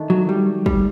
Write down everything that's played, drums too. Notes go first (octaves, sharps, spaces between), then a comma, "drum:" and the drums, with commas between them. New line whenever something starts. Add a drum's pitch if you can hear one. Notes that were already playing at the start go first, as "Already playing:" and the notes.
Already playing: D#3 A3 D4
F#3
G3
G3, drum: kick